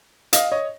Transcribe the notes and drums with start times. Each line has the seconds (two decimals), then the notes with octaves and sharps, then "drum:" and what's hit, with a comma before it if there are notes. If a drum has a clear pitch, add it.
0.33 D#5 F5, drum: hi-hat
0.52 C#5 D#5